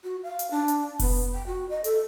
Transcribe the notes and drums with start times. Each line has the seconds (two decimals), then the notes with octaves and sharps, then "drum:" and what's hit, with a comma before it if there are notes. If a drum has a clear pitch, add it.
0.04 F#4
0.23 F5
0.39 drum: hi-hat
0.51 D4
0.68 drum: hi-hat
0.99 B3, drum: kick F1, open hi-hat
1.34 G5
1.47 F#4
1.69 D#5
1.84 A4, drum: hi-hat